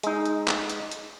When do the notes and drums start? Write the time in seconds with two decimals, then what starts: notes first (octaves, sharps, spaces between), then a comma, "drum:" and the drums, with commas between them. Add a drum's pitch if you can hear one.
0.03 G#3 D#4, drum: hi-hat
0.25 drum: hi-hat
0.47 drum: clap
0.69 drum: hi-hat
0.91 drum: hi-hat